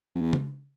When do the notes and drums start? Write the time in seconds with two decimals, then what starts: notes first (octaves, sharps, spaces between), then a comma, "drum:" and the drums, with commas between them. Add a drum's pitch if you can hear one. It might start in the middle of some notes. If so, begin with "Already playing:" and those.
0.15 F2
0.21 E2
0.33 drum: tom C#3